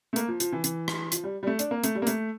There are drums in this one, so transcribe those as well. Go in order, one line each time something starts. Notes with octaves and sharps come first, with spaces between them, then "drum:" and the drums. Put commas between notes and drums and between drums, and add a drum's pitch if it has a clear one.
A3
A#3, drum: hi-hat
F3
F3, drum: hi-hat
E3
E3, drum: hi-hat
drum: rim click
F3, drum: hi-hat
G3
G3
A3
D4, drum: hi-hat
A#3
A3, drum: hi-hat
G3
A#3
A3, drum: hi-hat